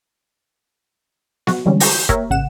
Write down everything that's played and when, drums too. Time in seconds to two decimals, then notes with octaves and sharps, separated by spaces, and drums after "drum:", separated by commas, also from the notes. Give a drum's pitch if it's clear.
1.47 F#4, drum: snare B3
1.65 D3 E3 G3 G#3 C#4
1.80 A#5 C#6 G6, drum: open hi-hat
1.93 G6
2.09 A#3 G4 A#4 C#5 E5, drum: kick
2.30 A1 C#3 F#5 E7